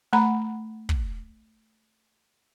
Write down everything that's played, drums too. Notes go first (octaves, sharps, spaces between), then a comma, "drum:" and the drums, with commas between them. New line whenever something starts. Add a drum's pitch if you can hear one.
A3 F#5 A#5 B5
drum: kick